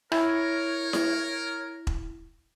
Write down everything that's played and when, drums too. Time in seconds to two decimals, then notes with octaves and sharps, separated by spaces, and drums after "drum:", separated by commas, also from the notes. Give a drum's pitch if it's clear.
0.12 E4 A#4 C#5, drum: rim click
0.93 drum: snare E4
1.87 drum: kick E1